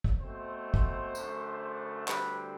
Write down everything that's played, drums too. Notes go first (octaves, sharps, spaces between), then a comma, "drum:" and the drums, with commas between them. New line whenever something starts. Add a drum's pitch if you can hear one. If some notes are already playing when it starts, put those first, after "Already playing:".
drum: kick
B2 A3 C4 C5
drum: kick
F#2 D3 A3, drum: tambourine
D2 D3 G3 C4 B4, drum: clap